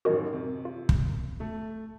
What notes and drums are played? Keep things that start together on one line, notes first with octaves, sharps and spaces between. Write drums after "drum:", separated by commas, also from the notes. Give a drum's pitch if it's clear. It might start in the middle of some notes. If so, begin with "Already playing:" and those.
A1 F#2 D#3 F#4 A#4 D#5
C3
F4
drum: kick
A3